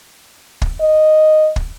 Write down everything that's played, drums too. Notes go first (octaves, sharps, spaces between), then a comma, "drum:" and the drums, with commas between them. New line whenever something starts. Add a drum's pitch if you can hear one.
drum: kick
D#5
drum: kick